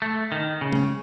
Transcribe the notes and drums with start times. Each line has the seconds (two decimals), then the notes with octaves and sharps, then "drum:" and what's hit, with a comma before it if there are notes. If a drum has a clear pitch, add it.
0.02 A3
0.32 D#3
0.61 C#3
0.73 drum: tom